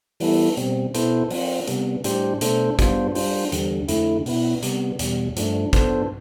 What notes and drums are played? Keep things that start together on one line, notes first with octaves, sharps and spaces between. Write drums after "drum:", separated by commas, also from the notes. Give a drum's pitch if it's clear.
E3 G3 B3 E4 A4, drum: open hi-hat
B2 G3 C4, drum: hi-hat
B2 B3 E4 A4 C5, drum: hi-hat
F3 C4 F4, drum: open hi-hat
C3 G3 B3, drum: hi-hat
A2 G3 D4 G4 C5, drum: hi-hat
B2 A3 D4 A4 C5, drum: hi-hat
G3 B3 D4 F4 C5, drum: kick, hi-hat
G3 D4 F4 C5, drum: open hi-hat
E2 D3 G3, drum: hi-hat
F2 D3 A3 E4, drum: hi-hat
B2 B3 E4, drum: open hi-hat
C3 G3 B3, drum: hi-hat
E2 B2 G3, drum: hi-hat
G2 F3 A3 D4, drum: hi-hat
F3 B3 D4 A4 C5, drum: kick, hi-hat